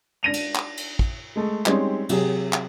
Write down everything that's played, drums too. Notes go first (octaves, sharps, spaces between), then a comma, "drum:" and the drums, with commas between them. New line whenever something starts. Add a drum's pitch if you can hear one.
D4 A#6 D#7 F7
drum: cymbal
drum: clap
drum: cymbal
drum: kick
G#3 A3
G3 G#3 C4 C#4 D#4 G4, drum: clap
C3 F#3 G4 G#4, drum: cymbal
drum: clap